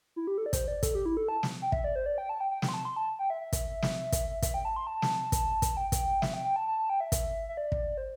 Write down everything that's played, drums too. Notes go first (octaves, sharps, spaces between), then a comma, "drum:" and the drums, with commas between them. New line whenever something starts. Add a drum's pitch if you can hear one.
E4
G4
A4
D5
C5, drum: kick, hi-hat
D5
A4, drum: kick, hi-hat
G4
E4
A4
A5
drum: snare
G5
E5, drum: kick
D5
C5
D5
G5
A5
G5
G5
G5, drum: snare
C6
A5
C6
A5
G5
E5
E5
drum: kick, hi-hat
drum: snare
drum: kick, hi-hat
E5, drum: kick, hi-hat
G5
A5
C6
A5
drum: snare
drum: kick, hi-hat
drum: kick, hi-hat
G5
drum: kick, hi-hat
E5, drum: snare
G5
G5
A5
A5
A5
G5
E5
drum: kick, hi-hat
E5
D5
drum: kick
C5